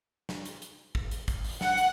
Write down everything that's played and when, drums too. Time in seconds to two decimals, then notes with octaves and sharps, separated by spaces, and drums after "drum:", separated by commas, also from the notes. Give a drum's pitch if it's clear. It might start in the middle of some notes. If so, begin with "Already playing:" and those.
0.29 drum: snare
0.45 drum: hi-hat
0.62 drum: hi-hat
0.95 drum: kick
1.11 drum: hi-hat
1.28 drum: kick, hi-hat
1.44 drum: open hi-hat
1.61 F#5, drum: snare
1.77 drum: hi-hat